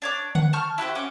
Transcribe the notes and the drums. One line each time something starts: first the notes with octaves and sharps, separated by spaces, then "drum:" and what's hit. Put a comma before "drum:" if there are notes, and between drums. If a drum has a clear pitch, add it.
D4 C#5 D6
F#5, drum: tom D3
A5 C#6 F6 G6
E4 F#4 G4 C5
C#4 F#4 D6